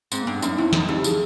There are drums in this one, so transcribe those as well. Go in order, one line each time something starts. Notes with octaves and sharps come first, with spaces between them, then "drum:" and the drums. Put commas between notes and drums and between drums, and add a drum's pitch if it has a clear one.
G#2 C4, drum: tambourine
A#3
G2 B3
F#2 D#4, drum: tambourine
F2 E4
E2 D#4, drum: snare
F2 G4
G#4, drum: tambourine